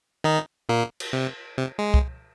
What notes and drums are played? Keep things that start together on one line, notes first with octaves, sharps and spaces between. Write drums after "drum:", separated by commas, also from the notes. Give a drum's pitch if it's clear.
D#3 D#4
A#2 A#3
drum: cymbal
C3
C3
G#3
drum: kick